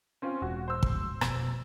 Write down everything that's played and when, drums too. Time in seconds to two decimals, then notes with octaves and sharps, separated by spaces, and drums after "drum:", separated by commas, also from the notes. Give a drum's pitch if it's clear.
0.22 C4 C#4 F4
0.42 E1 F#4
0.68 C5 E6
0.83 drum: kick
1.21 F1 B2, drum: rim click